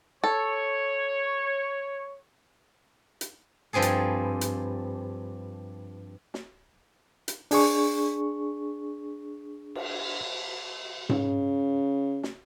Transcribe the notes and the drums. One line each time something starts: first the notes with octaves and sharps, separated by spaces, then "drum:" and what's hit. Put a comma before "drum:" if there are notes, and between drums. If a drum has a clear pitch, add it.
A4 C#5
drum: hi-hat
G2 F3 C4 G#4 A4
drum: hi-hat
drum: hi-hat
drum: snare
drum: hi-hat
D4 G#4 C#6, drum: open hi-hat
drum: cymbal
C#3, drum: tom G#2
drum: snare